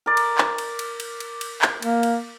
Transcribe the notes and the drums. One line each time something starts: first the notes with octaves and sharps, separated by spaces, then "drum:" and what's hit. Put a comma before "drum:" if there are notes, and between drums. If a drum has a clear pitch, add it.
A#4 D5
drum: cymbal
drum: clap
drum: cymbal
drum: cymbal
drum: cymbal
drum: cymbal
drum: cymbal
drum: clap
A#3, drum: cymbal
drum: cymbal